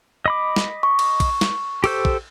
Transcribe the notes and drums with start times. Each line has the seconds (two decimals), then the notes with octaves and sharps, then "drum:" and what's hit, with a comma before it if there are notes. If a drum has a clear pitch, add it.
0.26 D#5 B5 D6
0.56 drum: snare
0.83 C#6
0.99 drum: cymbal
1.20 drum: kick, cymbal
1.41 drum: snare
1.84 G4 A4 C5, drum: cymbal
2.05 drum: kick